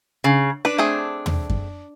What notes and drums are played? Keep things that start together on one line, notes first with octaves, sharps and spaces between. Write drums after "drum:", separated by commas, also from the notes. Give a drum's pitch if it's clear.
C#3
D4 B4
A3 C4 G#4
drum: tom
drum: kick F#2